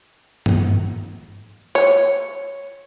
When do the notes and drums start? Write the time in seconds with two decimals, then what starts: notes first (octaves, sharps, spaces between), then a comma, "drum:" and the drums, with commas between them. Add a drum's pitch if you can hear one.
0.46 drum: tom G2
1.75 C#5, drum: hi-hat